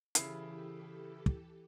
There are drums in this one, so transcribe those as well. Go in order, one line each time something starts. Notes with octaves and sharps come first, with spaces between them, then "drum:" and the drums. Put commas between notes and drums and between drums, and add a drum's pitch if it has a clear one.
C#3 E3 E4 G4 A4 C7, drum: hi-hat
drum: kick